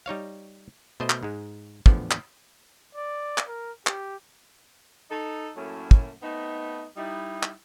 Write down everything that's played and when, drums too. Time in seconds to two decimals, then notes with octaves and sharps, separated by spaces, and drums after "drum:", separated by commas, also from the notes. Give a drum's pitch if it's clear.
0.06 G3 D#4 C#5 F5
1.00 B2 A3 C5 D#5
1.10 drum: clap
1.23 G#2 G#3
1.86 E2 A2 D3 F3 B3, drum: kick
2.11 drum: clap
2.95 D5
3.38 drum: clap
3.48 A#4
3.87 G4, drum: clap
5.10 D#4 A4
5.56 F#2 A2 F#3 A3 A#3 C#4
5.91 drum: kick
6.23 A3 B3 C4 D#4
6.97 G3 D#4 E4
7.43 drum: clap